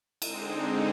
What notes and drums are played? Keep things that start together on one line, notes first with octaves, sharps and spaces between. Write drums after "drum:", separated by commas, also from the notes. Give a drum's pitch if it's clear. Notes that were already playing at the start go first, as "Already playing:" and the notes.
D3 G#3 C4 D#4, drum: cymbal